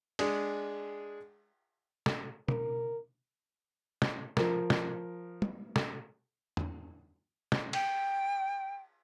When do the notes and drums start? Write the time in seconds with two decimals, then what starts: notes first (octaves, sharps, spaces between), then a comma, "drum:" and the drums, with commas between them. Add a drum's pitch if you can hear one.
0.19 G#3 D4 G#4, drum: cymbal
2.06 drum: snare
2.48 A#4, drum: tom
4.02 drum: snare
4.37 F3 A#4, drum: snare
4.70 drum: snare
5.42 drum: tom G3
5.76 drum: snare
6.57 drum: tom
7.52 drum: snare
7.73 G5, drum: cymbal